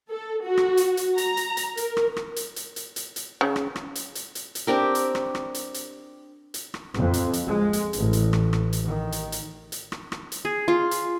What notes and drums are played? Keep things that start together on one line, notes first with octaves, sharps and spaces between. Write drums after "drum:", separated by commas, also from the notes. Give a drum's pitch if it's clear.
A4
F#4
drum: rim click
drum: hi-hat
drum: hi-hat
A#5, drum: hi-hat
drum: hi-hat
drum: hi-hat
A#4, drum: hi-hat
drum: rim click
drum: rim click
drum: hi-hat
drum: hi-hat
drum: hi-hat
drum: hi-hat
drum: hi-hat
C#3
drum: rim click
drum: rim click
drum: hi-hat
drum: hi-hat
drum: hi-hat
drum: hi-hat
C4 D4 G4 A#4
drum: hi-hat
drum: rim click
drum: rim click
drum: hi-hat
drum: hi-hat
drum: hi-hat
drum: rim click
F2, drum: rim click
drum: hi-hat
drum: hi-hat
G#3
drum: hi-hat
A1, drum: hi-hat
drum: hi-hat
drum: rim click
drum: rim click
drum: hi-hat
D#3
drum: hi-hat
drum: hi-hat
drum: hi-hat
drum: rim click
drum: rim click
drum: hi-hat
G#4
F4
drum: hi-hat